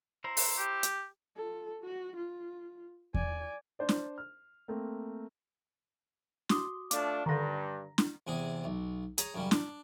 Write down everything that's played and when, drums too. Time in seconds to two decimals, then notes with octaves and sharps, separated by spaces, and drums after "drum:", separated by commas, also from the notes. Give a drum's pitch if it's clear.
0.24 E4 C5 A#5
0.37 drum: open hi-hat
0.58 G4
0.83 drum: hi-hat
1.36 F4 A4
1.81 F#4
2.16 F4
3.14 D5 G#5, drum: kick E2
3.79 D4 C5 D5
3.89 drum: snare
4.18 F6
4.68 A3 A#3 C4
6.49 F#4 C6 D6 D#6, drum: snare
6.91 A3 D4 F4 D6, drum: hi-hat
7.26 G2 D3 D#3 A#5 A#6
7.98 drum: snare
8.27 E2 C3 G#4
8.64 B1
9.18 G#4 C#5 A#5, drum: hi-hat
9.35 F#2 C#3 G3
9.51 D4, drum: snare